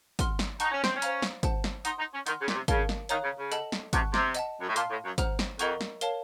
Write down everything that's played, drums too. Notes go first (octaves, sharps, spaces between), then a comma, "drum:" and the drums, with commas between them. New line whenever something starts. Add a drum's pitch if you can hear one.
F#5 C6 F6, drum: kick, hi-hat
drum: snare
D#4 F#5 A5 C#6 F#6, drum: hi-hat
C#4
C4, drum: snare
C#4
C5 F5 A#5, drum: hi-hat
drum: snare
C5 F#5 A5, drum: kick, hi-hat
drum: snare
D#4 F#5 C6 D#6, drum: hi-hat
D#4
C#4
D#3 F#5 C6 F6, drum: hi-hat
C#3
A#2, drum: snare
C3
C#3 A#4 F5 A5, drum: kick, hi-hat
drum: snare
D#3 C#5 F5 A#5 D#6 F#6, drum: hi-hat
C#3
C#3
A4 D#5 F#5 A5, drum: hi-hat
drum: snare
C3 F#5 A5 C#6 F#6, drum: kick, hi-hat
C3, drum: snare
D#5 F#5 A5, drum: hi-hat
F#2
A2
A#2 F5 A5 C6 F6, drum: hi-hat
A2
F#2
C5 F#5 A#5 F6, drum: kick, hi-hat
drum: snare
F2 A#4 D#5 F#5 A#5 C#6, drum: hi-hat
drum: snare
A#4 C#5 F5 A5, drum: hi-hat